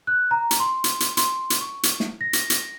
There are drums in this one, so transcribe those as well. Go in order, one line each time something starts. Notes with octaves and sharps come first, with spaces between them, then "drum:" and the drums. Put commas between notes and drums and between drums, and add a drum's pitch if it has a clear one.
F#6
A#5
drum: hi-hat
C6
drum: hi-hat
drum: hi-hat
C6, drum: hi-hat
drum: hi-hat
C#6
drum: hi-hat
drum: snare
A#6
drum: hi-hat
drum: hi-hat